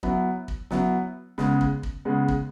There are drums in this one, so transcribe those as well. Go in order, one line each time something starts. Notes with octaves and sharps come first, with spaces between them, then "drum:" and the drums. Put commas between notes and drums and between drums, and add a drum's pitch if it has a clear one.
F#3 B3 E4, drum: kick
drum: kick
F#3 B3 E4, drum: snare
C#3 G#3 B3, drum: snare
drum: kick
drum: kick
C#3 G#3 B3
drum: kick